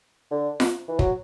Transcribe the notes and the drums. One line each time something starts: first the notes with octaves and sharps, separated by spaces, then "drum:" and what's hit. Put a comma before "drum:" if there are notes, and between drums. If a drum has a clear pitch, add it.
D3
drum: snare F4
E3
F#3, drum: kick